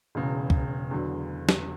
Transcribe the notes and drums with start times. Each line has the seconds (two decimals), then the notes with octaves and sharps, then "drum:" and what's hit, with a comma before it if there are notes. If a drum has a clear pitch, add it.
0.15 E1 E2 C#3
0.50 drum: kick C2
0.91 E2 D3 F#3
1.49 drum: snare